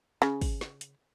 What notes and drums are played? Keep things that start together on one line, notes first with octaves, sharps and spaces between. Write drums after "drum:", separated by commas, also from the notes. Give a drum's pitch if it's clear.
C#3, drum: snare
drum: kick, open hi-hat
drum: snare
drum: hi-hat